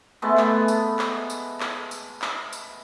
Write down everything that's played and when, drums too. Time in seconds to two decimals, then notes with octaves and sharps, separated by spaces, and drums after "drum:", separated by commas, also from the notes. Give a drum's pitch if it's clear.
0.22 G#3 A3 B3
0.38 drum: clap
0.68 drum: tambourine
0.99 drum: clap
1.30 drum: tambourine
1.60 drum: clap
1.91 drum: tambourine
2.22 drum: clap
2.53 drum: tambourine